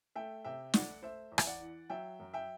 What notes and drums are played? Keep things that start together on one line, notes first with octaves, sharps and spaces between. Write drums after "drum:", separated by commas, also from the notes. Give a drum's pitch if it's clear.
A3 E5 G5
C3 E5 G5
A3 D5 F#5, drum: snare
A3 C5 E5
E2
E5, drum: rim click
D5 F#5
E3
F#3 E5 G5
F#2
E5 G5